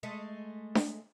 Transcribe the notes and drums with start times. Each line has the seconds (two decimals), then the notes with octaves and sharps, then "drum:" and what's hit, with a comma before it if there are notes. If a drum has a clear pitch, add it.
0.03 G#3 A3
0.75 drum: snare D4